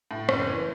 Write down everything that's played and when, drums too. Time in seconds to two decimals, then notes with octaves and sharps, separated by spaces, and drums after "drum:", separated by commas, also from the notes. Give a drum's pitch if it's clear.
0.11 A2
0.29 F#1, drum: rim click
0.47 E3